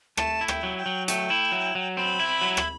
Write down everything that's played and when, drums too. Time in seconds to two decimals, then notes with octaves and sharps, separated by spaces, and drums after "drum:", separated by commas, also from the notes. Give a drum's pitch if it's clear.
0.17 A3 A5, drum: rim click
0.41 E4
0.48 G5, drum: rim click
0.63 F#3
0.78 G5
0.86 F#3
1.08 A3 G5, drum: hi-hat
1.30 E4
1.52 F#3
1.75 F#3
1.97 C4 B5
2.20 E4
2.42 F#3
2.57 drum: rim click